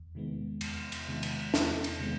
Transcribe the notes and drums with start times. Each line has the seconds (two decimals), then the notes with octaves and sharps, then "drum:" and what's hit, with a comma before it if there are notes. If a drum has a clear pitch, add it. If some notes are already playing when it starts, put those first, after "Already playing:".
Already playing: E2
0.15 C3 D#3 G#3 B3
0.61 E2, drum: cymbal
0.92 drum: cymbal
1.08 C3 D#3 G#3 B3
1.23 drum: cymbal
1.54 E2, drum: snare
1.84 drum: cymbal
1.99 C3 D#3 G#3 B3